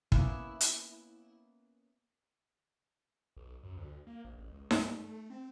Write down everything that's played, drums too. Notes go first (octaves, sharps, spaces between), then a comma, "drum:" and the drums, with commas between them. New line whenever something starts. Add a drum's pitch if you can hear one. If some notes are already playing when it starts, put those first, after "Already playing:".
A#3 B3 C#4 E4, drum: kick
drum: hi-hat
B1
F#2
D2
A#3
A#1
A1
C#2
G2, drum: snare D#4
A3
C4